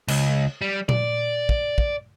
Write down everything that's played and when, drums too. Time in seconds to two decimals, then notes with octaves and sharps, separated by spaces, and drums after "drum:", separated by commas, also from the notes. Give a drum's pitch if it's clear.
0.08 C#2, drum: cymbal
0.62 G3
0.89 D5, drum: tom A#2
1.49 drum: kick
1.78 drum: kick